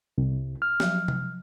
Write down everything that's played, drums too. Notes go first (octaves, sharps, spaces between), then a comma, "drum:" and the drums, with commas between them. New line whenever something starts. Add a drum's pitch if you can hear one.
C2
F6
F3 F#3, drum: snare
drum: tom C3